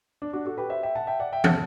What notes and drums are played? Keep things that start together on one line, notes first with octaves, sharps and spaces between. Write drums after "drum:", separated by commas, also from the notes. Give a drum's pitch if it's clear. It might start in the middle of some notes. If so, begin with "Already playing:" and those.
D4
D4 F#4
F#4 A4
G4 B4
C5 E5
E5 G5
F#5 A5
E5 G5
D5 F#5
E5 G5
F#5 A5, drum: tom